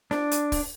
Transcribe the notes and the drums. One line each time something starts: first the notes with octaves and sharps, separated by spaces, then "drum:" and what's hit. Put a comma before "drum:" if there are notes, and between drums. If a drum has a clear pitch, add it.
D4, drum: snare
drum: hi-hat
drum: kick, open hi-hat